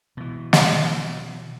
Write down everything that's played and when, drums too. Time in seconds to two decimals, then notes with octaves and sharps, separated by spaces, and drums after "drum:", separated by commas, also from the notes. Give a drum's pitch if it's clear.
0.17 B2 E3
0.53 drum: snare